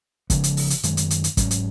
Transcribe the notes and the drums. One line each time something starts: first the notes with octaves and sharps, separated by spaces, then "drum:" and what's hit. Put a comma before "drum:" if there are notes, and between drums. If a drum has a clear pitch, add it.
C#3 F3 G#3 B3, drum: kick, hi-hat
drum: hi-hat
drum: open hi-hat
drum: hi-hat
F#2 D#3 G#3, drum: hi-hat
drum: hi-hat
drum: hi-hat
drum: hi-hat
G#2 F#3 C#4, drum: kick, hi-hat
drum: hi-hat